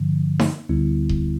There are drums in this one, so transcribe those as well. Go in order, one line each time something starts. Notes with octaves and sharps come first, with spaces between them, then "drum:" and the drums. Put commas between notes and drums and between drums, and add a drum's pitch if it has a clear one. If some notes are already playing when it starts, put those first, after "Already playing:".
Already playing: G2 D3 F3
drum: snare D#4
D2 D3 G3 B3 E4
drum: kick D#1